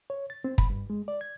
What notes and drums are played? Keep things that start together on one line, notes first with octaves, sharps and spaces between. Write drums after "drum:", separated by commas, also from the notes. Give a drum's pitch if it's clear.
C#5
A6
C4
B5, drum: kick
G2
G#3
D5
G#6